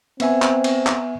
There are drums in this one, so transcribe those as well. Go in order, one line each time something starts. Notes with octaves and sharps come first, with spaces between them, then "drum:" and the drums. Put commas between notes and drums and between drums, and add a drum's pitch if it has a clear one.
B3 C4 E5 G#5, drum: cymbal
drum: clap
drum: cymbal
drum: clap